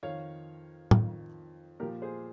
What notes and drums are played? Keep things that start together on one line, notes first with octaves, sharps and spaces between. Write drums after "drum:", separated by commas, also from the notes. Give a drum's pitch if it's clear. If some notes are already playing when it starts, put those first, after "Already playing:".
F2 D#3 C#5 F5
F2 D#3, drum: tom A2
A#2 F3 G4 A#4
G#4 C5